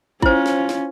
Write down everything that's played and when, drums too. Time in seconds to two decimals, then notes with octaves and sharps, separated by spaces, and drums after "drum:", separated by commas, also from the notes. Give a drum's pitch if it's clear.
0.22 C#4 E4 F4 C5, drum: kick
0.46 drum: snare
0.69 drum: snare